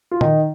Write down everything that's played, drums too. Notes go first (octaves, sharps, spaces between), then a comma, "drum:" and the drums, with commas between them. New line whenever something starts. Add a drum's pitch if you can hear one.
F4
D#3 D#4, drum: tom A#2